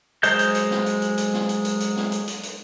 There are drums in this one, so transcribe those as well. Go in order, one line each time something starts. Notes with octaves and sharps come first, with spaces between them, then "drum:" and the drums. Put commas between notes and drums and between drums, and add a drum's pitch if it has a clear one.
F#3 G#3 C5 D#5 G6, drum: hi-hat
drum: hi-hat
drum: hi-hat
drum: snare
drum: hi-hat
drum: hi-hat
drum: hi-hat
drum: snare
drum: hi-hat
drum: hi-hat
drum: hi-hat
drum: snare
drum: hi-hat
drum: hi-hat
drum: hi-hat